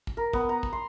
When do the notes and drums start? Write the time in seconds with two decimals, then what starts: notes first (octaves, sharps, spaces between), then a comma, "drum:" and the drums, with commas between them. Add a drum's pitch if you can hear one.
0.07 drum: kick
0.17 A#4
0.33 B3, drum: kick
0.49 A#5
0.63 drum: kick
0.73 C6